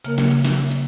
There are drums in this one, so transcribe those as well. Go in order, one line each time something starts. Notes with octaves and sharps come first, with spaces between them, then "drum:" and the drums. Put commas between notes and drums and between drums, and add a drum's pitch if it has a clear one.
C#3 A#3 A#4, drum: hi-hat
drum: snare
drum: hi-hat
drum: snare
drum: hi-hat
drum: hi-hat